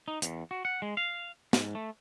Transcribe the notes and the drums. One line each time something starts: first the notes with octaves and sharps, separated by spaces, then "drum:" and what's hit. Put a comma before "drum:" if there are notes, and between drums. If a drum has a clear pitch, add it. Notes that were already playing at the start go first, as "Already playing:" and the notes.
D#4
E2, drum: hi-hat
F#4
F#5
G#3
F5
G#2, drum: snare
A3